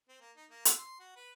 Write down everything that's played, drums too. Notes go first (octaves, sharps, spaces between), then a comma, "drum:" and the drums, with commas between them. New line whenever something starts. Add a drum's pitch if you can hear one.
C4
A#3
D#4
A#3
E6, drum: hi-hat
C6
F#4
B4